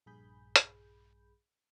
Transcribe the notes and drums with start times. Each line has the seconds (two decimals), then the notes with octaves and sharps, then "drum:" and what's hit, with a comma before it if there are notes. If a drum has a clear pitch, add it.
0.06 A#1 G2 G#4 B5 G6
0.56 drum: hi-hat